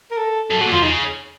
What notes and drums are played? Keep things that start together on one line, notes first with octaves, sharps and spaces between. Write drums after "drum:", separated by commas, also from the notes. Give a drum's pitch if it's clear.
A#4
A4
F#2 A4
A2 F#4
A#2
F3 F4, drum: tom E2
C#3 D#4